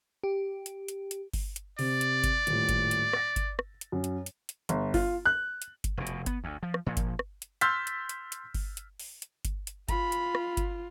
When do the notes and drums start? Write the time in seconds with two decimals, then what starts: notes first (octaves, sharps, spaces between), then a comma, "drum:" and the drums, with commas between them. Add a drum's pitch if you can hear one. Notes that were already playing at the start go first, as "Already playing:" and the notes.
0.24 G4
0.66 drum: hi-hat
0.88 drum: hi-hat
1.11 drum: hi-hat
1.34 drum: kick G1, open hi-hat
1.56 drum: hi-hat
1.79 C3 D5, drum: open hi-hat
2.01 drum: hi-hat
2.24 drum: kick G1, hi-hat
2.47 D#1 A2, drum: hi-hat
2.69 drum: kick G1, hi-hat
2.91 drum: hi-hat
3.13 A6 A#6, drum: rim click
3.36 drum: kick G1, hi-hat
3.59 drum: rim click
3.81 drum: hi-hat
3.92 F#2
4.04 drum: hi-hat
4.26 drum: hi-hat
4.49 drum: hi-hat
4.69 G1, drum: hi-hat
4.94 F4, drum: kick G1, open hi-hat
5.26 F#6
5.62 drum: hi-hat
5.84 drum: kick G1, hi-hat
5.97 F1 B2
6.07 drum: hi-hat
6.26 B3, drum: kick G1, hi-hat
6.44 D2
6.63 F3
6.74 drum: rim click
6.86 A#2 F3
6.97 drum: kick G1, hi-hat
7.19 drum: rim click
7.42 drum: hi-hat
7.61 C6 E6 F6 G6 A6 B6, drum: hi-hat
7.87 drum: hi-hat
8.09 drum: hi-hat
8.32 drum: hi-hat
8.54 drum: kick G1, open hi-hat
8.77 drum: hi-hat
9.00 drum: open hi-hat
9.22 drum: hi-hat
9.45 drum: kick G1, hi-hat
9.67 drum: hi-hat
9.89 F4 B5, drum: kick G1, hi-hat
10.12 drum: hi-hat
10.35 drum: rim click
10.57 drum: kick G1, hi-hat